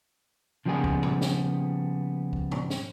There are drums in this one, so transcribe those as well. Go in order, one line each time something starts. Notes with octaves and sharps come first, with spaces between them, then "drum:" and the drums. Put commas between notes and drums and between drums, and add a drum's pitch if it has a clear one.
C#3 F3 G3 A#3 B3 G#4
drum: kick
drum: tom A2
drum: snare
drum: kick
drum: tom
drum: snare